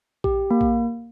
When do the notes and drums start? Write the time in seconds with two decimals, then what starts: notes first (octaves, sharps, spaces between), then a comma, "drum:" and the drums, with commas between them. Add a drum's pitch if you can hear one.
0.24 G4, drum: kick A#1
0.51 A#3
0.61 drum: kick A#1